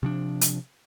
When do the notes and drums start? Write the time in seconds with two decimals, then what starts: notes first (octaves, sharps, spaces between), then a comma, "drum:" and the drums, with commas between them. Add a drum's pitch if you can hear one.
0.03 C3 F3 D4
0.41 drum: hi-hat